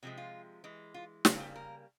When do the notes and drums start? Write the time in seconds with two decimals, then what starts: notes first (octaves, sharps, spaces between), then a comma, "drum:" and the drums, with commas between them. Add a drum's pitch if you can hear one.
0.03 C3 F3 G#3 C4
0.18 F4
0.64 E3 G#3
0.94 F4
1.25 C#3 G3 A#3 E4, drum: snare
1.40 G4
1.56 A#4